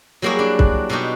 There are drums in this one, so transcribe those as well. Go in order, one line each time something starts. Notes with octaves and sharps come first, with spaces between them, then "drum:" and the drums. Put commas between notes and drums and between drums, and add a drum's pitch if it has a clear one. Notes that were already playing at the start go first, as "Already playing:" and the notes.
F#3 G3 A#3 E4 F#4 G#4
D4
drum: kick C2
B2 D4 D#4 F#4 G4